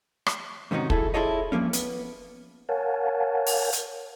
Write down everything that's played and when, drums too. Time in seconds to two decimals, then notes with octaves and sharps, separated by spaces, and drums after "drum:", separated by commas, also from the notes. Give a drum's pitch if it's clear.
0.26 drum: rim click
0.71 G#2 C3 D#3 C#4 D#4 F#4
0.90 E4 G#4 A4, drum: kick
1.14 E4 F4 G#4 A4 C#5 D#5
1.52 G2 D3 F3 A#3 C#4
1.73 B3, drum: hi-hat
2.69 A#4 C#5 F5 F#5 G#5 A5
3.46 drum: open hi-hat
3.73 drum: hi-hat